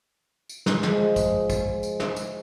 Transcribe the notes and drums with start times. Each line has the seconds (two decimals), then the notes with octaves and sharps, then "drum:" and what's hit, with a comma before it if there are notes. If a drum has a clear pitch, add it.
0.49 drum: tambourine
0.66 drum: snare
0.83 F3 G#3, drum: snare
1.16 drum: kick, tambourine
1.50 drum: kick, tambourine
1.83 drum: tambourine
2.00 drum: snare
2.16 drum: tambourine